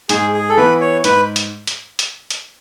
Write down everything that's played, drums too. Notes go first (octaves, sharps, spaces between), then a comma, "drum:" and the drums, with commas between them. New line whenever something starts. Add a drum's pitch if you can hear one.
G#2 G#4, drum: hi-hat
G#4
A4
E3 B3 E4 B4
C#5
G#2 B4, drum: hi-hat
drum: hi-hat
drum: hi-hat
drum: hi-hat
drum: hi-hat